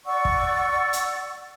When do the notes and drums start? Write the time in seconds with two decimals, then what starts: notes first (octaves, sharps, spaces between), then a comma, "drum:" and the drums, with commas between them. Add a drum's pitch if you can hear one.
0.06 D5 F#5 C#6 E6
0.25 drum: kick
0.93 drum: hi-hat